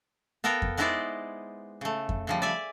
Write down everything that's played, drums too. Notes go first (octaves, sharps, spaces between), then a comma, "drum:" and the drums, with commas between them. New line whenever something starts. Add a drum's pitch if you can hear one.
B3 A4 A#4 F5 G5
drum: kick F2
G#3 B3 D#4 E4 C5 D5
C#3 A3
drum: kick F2
C#3 F3 G3
D5 E5 G#5